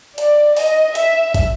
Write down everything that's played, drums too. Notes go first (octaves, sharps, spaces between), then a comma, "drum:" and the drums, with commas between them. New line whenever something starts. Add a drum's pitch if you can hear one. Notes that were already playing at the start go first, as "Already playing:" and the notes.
D5, drum: hi-hat
D#5, drum: open hi-hat
E5, drum: hi-hat
drum: kick, hi-hat